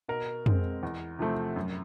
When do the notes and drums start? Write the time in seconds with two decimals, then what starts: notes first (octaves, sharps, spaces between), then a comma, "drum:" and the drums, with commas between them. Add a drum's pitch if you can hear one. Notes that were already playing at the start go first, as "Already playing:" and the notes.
0.08 B2 A#4
0.46 G#3 C4, drum: tom
0.83 E2
1.19 C3 F3 A3 C4
1.56 F#2